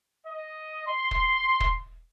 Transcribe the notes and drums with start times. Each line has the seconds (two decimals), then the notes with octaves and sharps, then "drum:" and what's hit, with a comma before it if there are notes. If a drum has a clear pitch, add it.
0.25 D#5
0.86 C6
1.11 drum: kick
1.60 drum: kick